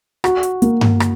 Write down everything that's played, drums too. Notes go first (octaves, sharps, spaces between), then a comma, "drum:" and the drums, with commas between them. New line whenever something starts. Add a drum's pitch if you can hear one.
F#4, drum: rim click
drum: hi-hat
A#3, drum: hi-hat
drum: tom G2
drum: rim click